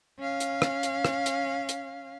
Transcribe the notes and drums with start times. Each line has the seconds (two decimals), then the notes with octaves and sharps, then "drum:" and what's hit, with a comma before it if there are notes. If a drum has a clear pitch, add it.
0.19 C#4 F5
0.40 drum: hi-hat
0.62 drum: rim click
0.83 drum: hi-hat
1.05 drum: rim click
1.26 drum: hi-hat
1.69 drum: hi-hat